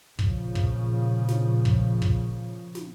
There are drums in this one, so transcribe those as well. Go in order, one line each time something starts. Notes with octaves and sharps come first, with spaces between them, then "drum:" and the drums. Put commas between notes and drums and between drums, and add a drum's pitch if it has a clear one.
A#2 C#3 F3, drum: kick
drum: kick
drum: snare
drum: kick
drum: kick
drum: snare